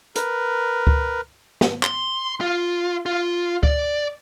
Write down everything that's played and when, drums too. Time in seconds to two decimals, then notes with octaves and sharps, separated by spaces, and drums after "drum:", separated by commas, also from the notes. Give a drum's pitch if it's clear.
0.16 A#4 B4, drum: hi-hat
0.87 drum: kick C#2
1.61 drum: snare
1.83 C6, drum: clap
2.41 F4
3.06 F4
3.63 D5, drum: kick C#2